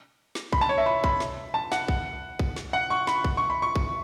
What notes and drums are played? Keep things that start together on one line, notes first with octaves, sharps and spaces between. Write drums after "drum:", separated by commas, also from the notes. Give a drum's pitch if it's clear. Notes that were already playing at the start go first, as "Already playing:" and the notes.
drum: snare
B5, drum: kick
A5
C#5
E5
B5
B5, drum: kick
drum: snare
A5
F#5, drum: snare
drum: kick
drum: kick
drum: snare
F#5
C#6
B5, drum: snare
drum: kick
C#6
B5
C#6
drum: kick